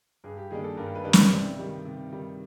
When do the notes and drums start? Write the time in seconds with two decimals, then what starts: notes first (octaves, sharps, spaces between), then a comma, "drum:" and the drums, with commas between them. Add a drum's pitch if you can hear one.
0.24 G2 G#4
0.38 G4
0.50 D#3 G3 A#3 D4 G#4
0.64 A4
0.77 G2 A#4
0.95 B4
1.04 D#3 G3 A#3 D4
1.13 C5, drum: snare
1.31 C3 D5
1.59 D#3 G3
1.85 C3
2.13 D#3 G3